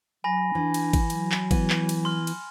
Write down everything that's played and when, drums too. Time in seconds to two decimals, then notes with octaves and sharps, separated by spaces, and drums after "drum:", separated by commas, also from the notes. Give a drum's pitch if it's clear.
0.24 F#3 G#5 B5 A#6
0.55 E3 D4
0.74 drum: cymbal
0.93 drum: kick, cymbal
1.10 F#3, drum: cymbal
1.32 drum: clap
1.51 E3 B3, drum: kick, cymbal
1.70 drum: clap
1.89 drum: cymbal
2.05 C6 F6
2.27 drum: cymbal